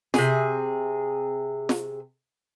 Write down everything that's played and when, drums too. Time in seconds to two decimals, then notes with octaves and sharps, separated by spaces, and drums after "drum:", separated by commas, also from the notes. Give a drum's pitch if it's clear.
0.14 C3 G#4, drum: snare
1.69 drum: snare